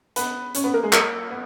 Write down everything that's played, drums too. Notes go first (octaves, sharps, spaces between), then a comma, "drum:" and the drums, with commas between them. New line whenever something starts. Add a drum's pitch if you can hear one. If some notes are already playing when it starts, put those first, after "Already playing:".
B3 B4, drum: hi-hat
C#4 C#5, drum: hi-hat
B3 B4
A#3 A#4
G#3 G#4
A#3 A#4, drum: clap
B3